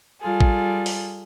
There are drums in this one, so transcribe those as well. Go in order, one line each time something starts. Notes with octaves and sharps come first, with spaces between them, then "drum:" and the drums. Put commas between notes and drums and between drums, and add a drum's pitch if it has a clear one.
G3 F4 G#4 A4
drum: kick A1
drum: open hi-hat